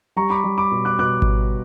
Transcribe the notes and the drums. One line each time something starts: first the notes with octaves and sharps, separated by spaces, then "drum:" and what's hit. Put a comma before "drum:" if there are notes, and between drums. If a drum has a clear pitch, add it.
G3 A#5 C#6
B5 D6
G3
B5 D6
B2
D6 F#6
B2 D6 F#6
drum: kick G#1